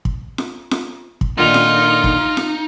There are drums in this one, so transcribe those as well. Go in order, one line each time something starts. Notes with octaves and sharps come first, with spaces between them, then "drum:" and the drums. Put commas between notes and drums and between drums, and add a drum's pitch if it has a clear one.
drum: kick
drum: snare F4
drum: snare F4
drum: kick
A#2 D3 D#3 D#4 F4
drum: snare F4
drum: kick
drum: snare F4